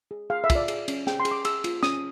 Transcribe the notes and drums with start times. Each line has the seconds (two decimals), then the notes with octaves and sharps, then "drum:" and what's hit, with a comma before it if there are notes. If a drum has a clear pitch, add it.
0.11 G#4
0.30 G#4 F5
0.44 E5
0.50 F4, drum: kick, cymbal
0.55 D5
0.68 G#4, drum: cymbal
0.88 C#4, drum: cymbal
1.07 G#4 G5, drum: snare
1.20 C6
1.25 G#4, drum: cymbal
1.31 D6
1.45 G#4 E6, drum: cymbal
1.64 F4, drum: cymbal
1.83 C#4 D#6, drum: snare